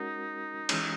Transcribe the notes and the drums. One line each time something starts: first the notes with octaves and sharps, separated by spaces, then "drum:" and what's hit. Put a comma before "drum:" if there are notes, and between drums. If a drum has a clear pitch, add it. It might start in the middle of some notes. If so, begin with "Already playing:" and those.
Already playing: G#3 C#4 D#4 F#4 A#4
E3 G#3 C#4, drum: cymbal